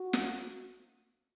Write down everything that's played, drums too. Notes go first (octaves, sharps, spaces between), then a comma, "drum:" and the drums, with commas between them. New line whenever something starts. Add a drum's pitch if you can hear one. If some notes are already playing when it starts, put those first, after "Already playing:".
Already playing: F#4
drum: snare